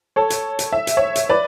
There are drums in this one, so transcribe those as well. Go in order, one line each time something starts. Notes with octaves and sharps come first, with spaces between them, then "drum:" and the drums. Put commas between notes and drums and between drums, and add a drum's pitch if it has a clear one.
A4 C#5
drum: hi-hat
drum: hi-hat
E5
drum: hi-hat
C#5 E5
drum: hi-hat
B4 D5